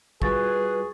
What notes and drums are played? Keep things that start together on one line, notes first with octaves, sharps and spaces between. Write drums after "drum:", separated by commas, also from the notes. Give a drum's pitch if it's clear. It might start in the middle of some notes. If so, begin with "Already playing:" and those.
G3 F4 F#4 G#4 B4 C#6 A6, drum: kick